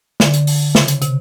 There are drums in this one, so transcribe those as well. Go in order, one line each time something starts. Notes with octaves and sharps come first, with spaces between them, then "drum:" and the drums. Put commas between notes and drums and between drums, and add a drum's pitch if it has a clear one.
D3, drum: snare
drum: hi-hat
drum: open hi-hat
C#3, drum: snare
drum: hi-hat
C3, drum: hi-hat